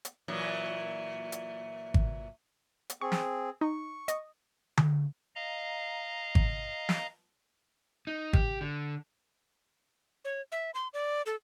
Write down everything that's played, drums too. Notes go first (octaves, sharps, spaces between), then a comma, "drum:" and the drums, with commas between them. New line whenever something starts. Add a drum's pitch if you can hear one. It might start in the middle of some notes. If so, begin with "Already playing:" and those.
drum: hi-hat
A#2 E3 F#3
drum: hi-hat
drum: kick G#1
drum: hi-hat
C4 G#4 C#6
drum: snare
D#4 C#6
D#5, drum: hi-hat
drum: tom D3
D#5 F5 A#5
drum: kick G#1
drum: snare
D#4
G4, drum: kick G#1
D3
C#5
E5
C6
D5
A4